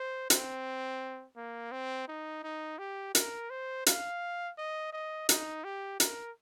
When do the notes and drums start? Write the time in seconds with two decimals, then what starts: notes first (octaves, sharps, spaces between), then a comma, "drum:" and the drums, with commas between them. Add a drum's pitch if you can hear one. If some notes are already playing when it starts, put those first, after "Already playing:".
Already playing: C5
0.30 C4, drum: hi-hat
1.36 A#3
1.72 C4
2.08 D#4
2.43 D#4
2.79 G4
3.15 A#4, drum: hi-hat
3.50 C5
3.86 F5, drum: hi-hat
4.58 D#5
4.93 D#5
5.29 D#4, drum: hi-hat
5.64 G4
6.00 A#4, drum: hi-hat